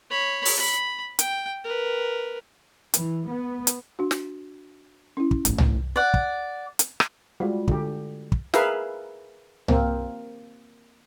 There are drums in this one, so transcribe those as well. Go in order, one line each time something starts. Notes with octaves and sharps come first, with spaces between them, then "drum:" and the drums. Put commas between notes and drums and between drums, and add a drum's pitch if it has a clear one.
C#5 B5
drum: open hi-hat
B5
G5, drum: hi-hat
A#4 B4
E3, drum: hi-hat
B3
drum: hi-hat
D4 F#4
drum: snare
C#4 E4
drum: kick
A1 G#2, drum: hi-hat
drum: tom C2
D5 F#5
drum: kick
drum: hi-hat
drum: rim click
G3 G#3 F4 F#4
D3 G4, drum: kick
drum: kick
G#4 A#4 B4 E5 F5, drum: snare
A#3 C4, drum: tom C2